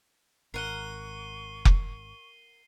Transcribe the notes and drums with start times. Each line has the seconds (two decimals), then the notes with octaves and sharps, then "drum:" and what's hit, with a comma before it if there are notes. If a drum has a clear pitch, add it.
0.54 G#1 A#4 F#5 C#6 C7 D#7 G7
1.65 drum: kick F1